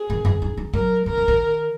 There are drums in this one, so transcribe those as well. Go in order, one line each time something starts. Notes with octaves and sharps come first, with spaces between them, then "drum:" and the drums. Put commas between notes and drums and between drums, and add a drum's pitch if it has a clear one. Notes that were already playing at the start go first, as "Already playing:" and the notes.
Already playing: G#4
D#3
E3, drum: tom F#2
D#4
D#4
F#3 A#4, drum: kick A1
E3 A#4
C#3
D#3, drum: kick A1